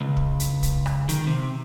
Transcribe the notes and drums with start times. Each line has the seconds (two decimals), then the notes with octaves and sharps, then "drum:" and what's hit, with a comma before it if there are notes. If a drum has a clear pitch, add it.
0.01 C#2
0.17 drum: kick
0.40 drum: hi-hat
0.63 drum: kick, hi-hat
0.86 drum: rim click
1.09 D#3, drum: hi-hat
1.27 C3